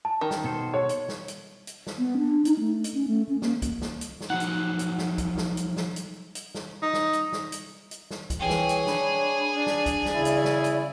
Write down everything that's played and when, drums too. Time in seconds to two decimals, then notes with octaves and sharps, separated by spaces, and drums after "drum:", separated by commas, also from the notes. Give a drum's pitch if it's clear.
0.05 A5
0.21 D#3
0.31 drum: snare
0.44 B2 A4 C5
0.74 C#5
0.89 drum: hi-hat
1.09 drum: snare
1.28 drum: hi-hat
1.67 drum: hi-hat
1.87 drum: snare
1.99 B3
2.17 D4
2.45 D#4, drum: hi-hat
2.60 A3
2.84 drum: hi-hat
2.94 C#4
3.08 A3
3.29 C#4
3.42 A#3, drum: snare
3.62 drum: kick C2, hi-hat
3.82 drum: snare
4.01 drum: hi-hat
4.21 drum: snare
4.30 F3 F#3 D#4 F#5
4.40 drum: hi-hat
4.79 drum: hi-hat
4.99 drum: snare
5.18 drum: kick C2, hi-hat
5.38 drum: snare
5.57 drum: hi-hat
5.77 drum: snare
5.96 drum: hi-hat
6.35 drum: hi-hat
6.55 drum: snare
6.82 D#4
6.94 drum: snare
7.13 drum: hi-hat
7.33 drum: snare
7.52 drum: hi-hat
7.91 drum: hi-hat
8.11 drum: snare
8.30 drum: kick C2, hi-hat
8.40 E3 G#4 C#5 G5
8.50 drum: snare
8.69 drum: hi-hat
8.87 D4 B5, drum: snare
9.54 D4 D5
9.67 drum: snare
9.86 drum: kick C2, hi-hat
10.06 drum: snare
10.16 C#3 E4
10.25 drum: hi-hat
10.45 drum: snare
10.64 drum: hi-hat